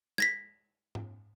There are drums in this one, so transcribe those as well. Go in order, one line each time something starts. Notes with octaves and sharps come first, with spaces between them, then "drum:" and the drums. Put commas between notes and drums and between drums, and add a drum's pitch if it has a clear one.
G#6 A#6 B6, drum: snare
drum: tom G#2